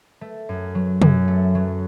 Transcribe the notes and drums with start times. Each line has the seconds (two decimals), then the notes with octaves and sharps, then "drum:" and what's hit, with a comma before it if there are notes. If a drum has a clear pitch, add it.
0.21 A3
0.49 F#2
0.75 F#3
1.02 F#2, drum: tom
1.28 A3
1.55 F#3